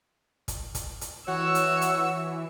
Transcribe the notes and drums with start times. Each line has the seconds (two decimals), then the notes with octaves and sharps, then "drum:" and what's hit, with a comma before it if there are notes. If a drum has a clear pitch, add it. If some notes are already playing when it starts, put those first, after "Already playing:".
0.48 drum: kick, hi-hat
0.75 drum: kick, hi-hat
1.01 drum: hi-hat
1.28 E3 F#4 C#5 E6
1.55 drum: hi-hat
1.82 drum: hi-hat